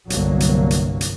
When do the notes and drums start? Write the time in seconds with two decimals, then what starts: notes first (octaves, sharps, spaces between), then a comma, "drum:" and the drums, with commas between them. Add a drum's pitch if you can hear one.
0.10 G1 C2 G2 D3 F#3 A#3, drum: hi-hat
0.40 drum: hi-hat
0.71 drum: hi-hat
1.01 drum: hi-hat